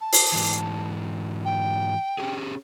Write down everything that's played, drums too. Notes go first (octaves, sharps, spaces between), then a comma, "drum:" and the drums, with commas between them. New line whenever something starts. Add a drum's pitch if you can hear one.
A5
drum: open hi-hat
G#2 E3
G5
C#4 G4 G#4